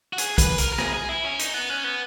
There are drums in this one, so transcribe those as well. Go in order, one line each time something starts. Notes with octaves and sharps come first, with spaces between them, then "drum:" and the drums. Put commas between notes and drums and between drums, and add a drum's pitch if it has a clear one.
F#4
G#4, drum: hi-hat
B4, drum: kick B1, hi-hat
A#4, drum: hi-hat
A#4
G#4, drum: rim click
G#4
E4
C#4
D#4, drum: hi-hat
B3
C#4
B3